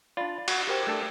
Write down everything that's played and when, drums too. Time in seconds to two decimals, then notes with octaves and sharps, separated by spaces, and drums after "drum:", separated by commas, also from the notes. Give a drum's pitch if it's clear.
0.17 D4 F4 D5 B5 A6
0.48 F#4 F#5, drum: cymbal
0.67 F#4 G4 A#4 C5 G5
0.87 A3 D4 A4